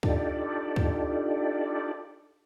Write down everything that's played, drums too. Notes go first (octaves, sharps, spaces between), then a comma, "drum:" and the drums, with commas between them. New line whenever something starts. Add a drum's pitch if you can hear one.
D4 D#4 F4 G4 A4 D5, drum: kick C#2
drum: kick C#2